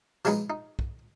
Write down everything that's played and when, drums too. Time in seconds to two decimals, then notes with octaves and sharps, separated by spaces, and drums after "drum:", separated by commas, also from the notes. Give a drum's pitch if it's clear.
0.25 F3 F#3 G#3 B3 D#4, drum: tambourine
0.50 D#4
0.79 drum: kick